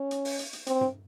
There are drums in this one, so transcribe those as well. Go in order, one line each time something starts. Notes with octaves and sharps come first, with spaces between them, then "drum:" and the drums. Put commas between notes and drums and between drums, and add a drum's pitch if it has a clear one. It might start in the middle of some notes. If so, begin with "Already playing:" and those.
Already playing: C#4
drum: hi-hat
drum: open hi-hat
drum: hi-hat
drum: hi-hat
C4, drum: hi-hat
drum: tom G2